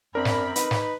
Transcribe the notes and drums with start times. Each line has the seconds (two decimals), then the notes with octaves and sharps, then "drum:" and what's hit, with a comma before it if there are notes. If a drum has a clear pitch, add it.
0.15 F#2 C4 D4 A#4 B5
0.25 drum: snare
0.56 D#4 B4, drum: hi-hat
0.71 drum: snare